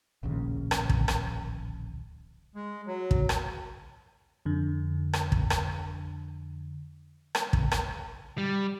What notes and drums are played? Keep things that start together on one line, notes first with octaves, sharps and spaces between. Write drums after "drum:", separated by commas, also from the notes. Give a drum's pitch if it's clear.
D1 A#1 D#2 C#3
drum: rim click
drum: kick
drum: rim click
G#3
F#3
drum: kick
drum: rim click
F2 D3
drum: rim click
drum: kick
drum: rim click
drum: rim click
drum: kick
drum: rim click
G3